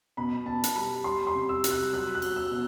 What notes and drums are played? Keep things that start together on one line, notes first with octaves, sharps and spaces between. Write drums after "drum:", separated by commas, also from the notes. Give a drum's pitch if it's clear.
B2 B5
B2 A5
drum: hi-hat
G3 B5
G3 C6
C6
C3
E6
G3, drum: hi-hat
F#6
F#3 F#6
F#6
F#3, drum: cymbal
E6
B2